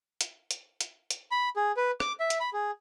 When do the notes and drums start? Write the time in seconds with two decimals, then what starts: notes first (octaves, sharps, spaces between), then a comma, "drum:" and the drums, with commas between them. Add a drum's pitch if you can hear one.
0.21 drum: hi-hat
0.51 drum: hi-hat
0.81 drum: hi-hat
1.10 drum: hi-hat
1.31 B5
1.56 G#4
1.77 B4
2.00 D6, drum: rim click
2.20 E5
2.30 drum: hi-hat
2.40 B5
2.53 G#4